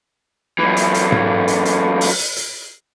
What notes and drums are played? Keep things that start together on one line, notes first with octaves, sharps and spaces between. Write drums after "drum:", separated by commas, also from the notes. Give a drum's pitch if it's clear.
F#2 E3
drum: hi-hat
drum: hi-hat
drum: tom G#2
drum: hi-hat
drum: hi-hat
drum: open hi-hat
drum: hi-hat
drum: hi-hat